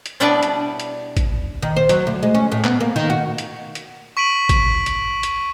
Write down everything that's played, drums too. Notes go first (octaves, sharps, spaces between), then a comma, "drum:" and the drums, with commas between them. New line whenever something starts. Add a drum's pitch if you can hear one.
drum: hi-hat
B2 G3 D4 E4 B4 D5
drum: hi-hat
drum: hi-hat
drum: kick A1, hi-hat
D#3
C5
F#3, drum: hi-hat
D2
G#3
C#4
A2
B3, drum: clap
A#3
D#3
F#4
drum: hi-hat
drum: hi-hat
C#6 B6 D7 D#7 F#7
drum: kick A1, hi-hat
drum: hi-hat
drum: hi-hat